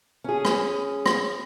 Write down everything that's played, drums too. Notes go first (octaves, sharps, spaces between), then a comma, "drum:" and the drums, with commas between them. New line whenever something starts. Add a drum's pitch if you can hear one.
C#4 G#4
drum: rim click
drum: rim click